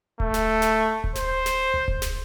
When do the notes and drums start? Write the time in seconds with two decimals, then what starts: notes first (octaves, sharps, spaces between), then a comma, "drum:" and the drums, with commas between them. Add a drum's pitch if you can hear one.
0.20 A3, drum: kick D1
0.34 drum: snare
0.62 drum: snare
1.04 drum: kick D1
1.15 C5, drum: snare
1.46 drum: snare
1.74 drum: tom C#2
1.88 drum: kick D1
2.02 drum: snare